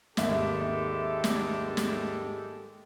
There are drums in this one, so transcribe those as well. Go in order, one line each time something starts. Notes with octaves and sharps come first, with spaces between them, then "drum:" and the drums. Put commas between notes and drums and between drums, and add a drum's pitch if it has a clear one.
G#1 D#2 G#3 G4 A4 E5, drum: snare
drum: snare
drum: snare